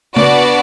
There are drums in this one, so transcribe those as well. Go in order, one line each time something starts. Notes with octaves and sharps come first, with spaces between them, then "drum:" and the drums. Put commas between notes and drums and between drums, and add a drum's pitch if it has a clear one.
B3 D4 F#4 D5, drum: tom C#3